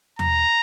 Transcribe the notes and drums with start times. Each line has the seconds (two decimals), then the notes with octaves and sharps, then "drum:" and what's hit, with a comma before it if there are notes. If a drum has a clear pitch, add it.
0.19 A#5, drum: tom D#2